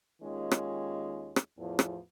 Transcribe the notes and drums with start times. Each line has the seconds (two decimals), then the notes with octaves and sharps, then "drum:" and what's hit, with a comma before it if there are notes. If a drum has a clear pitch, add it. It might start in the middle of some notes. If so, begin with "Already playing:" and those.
0.22 D#2 D#3 G#3 C#4 F4
0.51 drum: rim click
1.36 drum: rim click
1.58 E2 A2 F3
1.79 drum: rim click